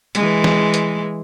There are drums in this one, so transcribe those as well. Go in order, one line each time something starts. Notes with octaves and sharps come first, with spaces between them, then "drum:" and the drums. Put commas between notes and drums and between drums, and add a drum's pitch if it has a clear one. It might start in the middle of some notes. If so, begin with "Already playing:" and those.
E3 G#3, drum: hi-hat
drum: snare
drum: hi-hat